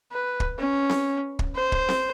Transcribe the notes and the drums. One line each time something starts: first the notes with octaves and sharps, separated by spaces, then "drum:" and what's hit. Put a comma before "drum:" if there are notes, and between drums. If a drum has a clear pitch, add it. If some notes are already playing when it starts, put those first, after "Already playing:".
B4
drum: kick
C#4
drum: snare C4
drum: kick
C5
drum: kick
drum: snare C4